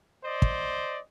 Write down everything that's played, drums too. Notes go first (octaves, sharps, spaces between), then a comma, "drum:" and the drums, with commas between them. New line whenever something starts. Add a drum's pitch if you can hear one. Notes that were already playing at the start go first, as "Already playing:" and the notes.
C5 D5 D#5
drum: kick